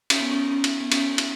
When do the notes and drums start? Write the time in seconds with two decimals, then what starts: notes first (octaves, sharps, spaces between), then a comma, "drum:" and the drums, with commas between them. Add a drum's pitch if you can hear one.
0.10 C#4, drum: cymbal
0.20 B3
0.31 C#4
0.50 C#4
0.64 drum: cymbal
0.80 B3
0.92 C#4, drum: cymbal
1.18 drum: cymbal